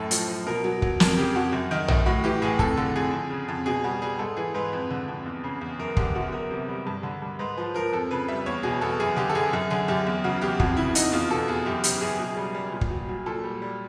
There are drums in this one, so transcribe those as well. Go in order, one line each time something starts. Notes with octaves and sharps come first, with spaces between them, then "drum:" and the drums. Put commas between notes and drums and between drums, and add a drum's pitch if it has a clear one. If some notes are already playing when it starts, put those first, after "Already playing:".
Already playing: F#2 A2 A4
F3, drum: hi-hat
F3
B2 A#4
F#3
F#3, drum: kick
F2 A#4, drum: snare
C#3 G4
F2 F#4
F#2
D#3
F#2, drum: tom A#1
A2 F#4
E3 G4
A2 G#4
F2 A4, drum: kick
D3 A4
F2 G#4
F2
C#3
F2
B2 G#4
G3 F#4
G3 G#4
G#2 A4
E3 G#4
G#2 B4
F2
D3
F2
E2
C#3
E2
F#2 A#4
D3 G4, drum: kick
F#2 F#4
E2 A#4
C3
G3
G2
D3
G2
G#2 B4
F3 B4
F3 A#4
F2 A4
C#3 B4
G3 E5
E2 C#5
B2 G#4
E2 A4
F#2 G#4
D3 G4
A4
F#2 G#4
F#2
D3 G#4
F#2 G4
E2
C#3 F#4
E2 G4
F2 F#4, drum: kick
C#3 E4
F2 D#4, drum: hi-hat
E2 F4
B2 A4
E2 G#4
F#2 G4
C#3 G4, drum: hi-hat
F#2 G#4
B2
G3
G3
A#2
drum: kick
F#3
F#3
A#2 A4
G3
G3